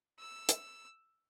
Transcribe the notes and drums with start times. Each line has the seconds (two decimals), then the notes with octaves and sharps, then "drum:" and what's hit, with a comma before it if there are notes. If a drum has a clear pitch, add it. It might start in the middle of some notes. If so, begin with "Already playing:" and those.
0.19 E6
0.49 drum: hi-hat